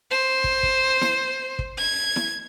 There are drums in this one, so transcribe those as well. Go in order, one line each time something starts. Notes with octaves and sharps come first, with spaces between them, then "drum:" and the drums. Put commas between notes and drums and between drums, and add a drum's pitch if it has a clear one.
C5
drum: kick
drum: kick
drum: snare E4
drum: kick
G#6
drum: snare E4